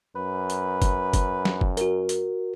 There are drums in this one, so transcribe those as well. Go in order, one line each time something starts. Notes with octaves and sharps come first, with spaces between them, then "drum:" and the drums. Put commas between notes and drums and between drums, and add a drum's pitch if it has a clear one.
F#2 B4
drum: hi-hat
drum: kick G1, hi-hat
drum: kick G1, hi-hat
drum: snare
drum: kick G1
F#4 A#4, drum: hi-hat
drum: hi-hat